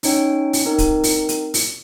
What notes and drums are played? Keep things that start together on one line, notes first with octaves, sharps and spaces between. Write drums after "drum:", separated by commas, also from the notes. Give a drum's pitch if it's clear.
C#4 D#4 C#5 G5, drum: open hi-hat
drum: open hi-hat
C4 D#4 A#4
drum: kick, hi-hat
drum: open hi-hat
drum: hi-hat
drum: open hi-hat